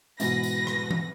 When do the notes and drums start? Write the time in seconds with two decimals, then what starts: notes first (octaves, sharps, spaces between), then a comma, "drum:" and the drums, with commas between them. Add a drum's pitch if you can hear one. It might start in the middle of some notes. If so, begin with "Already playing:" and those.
0.20 G#2 B2 E3 B4 A#6, drum: tambourine
0.43 drum: tambourine
0.67 drum: rim click
0.91 drum: tom E3